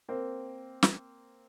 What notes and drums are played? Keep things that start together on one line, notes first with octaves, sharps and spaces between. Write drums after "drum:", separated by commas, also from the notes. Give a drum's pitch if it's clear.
A#3 C4
drum: snare